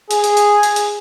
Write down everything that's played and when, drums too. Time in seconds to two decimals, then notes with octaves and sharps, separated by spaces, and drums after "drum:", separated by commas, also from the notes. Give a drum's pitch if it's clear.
0.11 G#4, drum: hi-hat
0.24 drum: hi-hat
0.37 drum: hi-hat
0.63 drum: hi-hat
0.76 drum: hi-hat